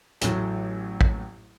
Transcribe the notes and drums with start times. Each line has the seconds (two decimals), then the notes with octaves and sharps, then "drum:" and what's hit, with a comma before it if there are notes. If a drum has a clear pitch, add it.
0.21 A1 A2 F#3, drum: hi-hat
1.01 drum: kick A1